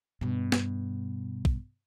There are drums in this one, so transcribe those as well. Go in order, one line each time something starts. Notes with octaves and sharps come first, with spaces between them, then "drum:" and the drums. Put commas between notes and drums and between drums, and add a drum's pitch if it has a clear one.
G2 B2
drum: snare
drum: kick